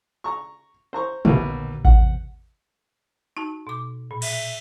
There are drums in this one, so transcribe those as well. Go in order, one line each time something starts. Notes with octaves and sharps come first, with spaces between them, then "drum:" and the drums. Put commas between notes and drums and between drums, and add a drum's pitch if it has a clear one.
A#5 C#6
C5 A#5 C#6
A#1 D#2 B2 D3, drum: tom
E2 C3 F#5, drum: kick A1
D#4 F#4 A5
B2 D6
A#2
E5, drum: cymbal